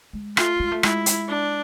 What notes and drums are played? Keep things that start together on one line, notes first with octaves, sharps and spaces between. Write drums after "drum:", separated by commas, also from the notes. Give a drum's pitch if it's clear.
G#3
A3 F4, drum: rim click
G#3
A3
G#3 E4, drum: rim click
drum: hi-hat
D4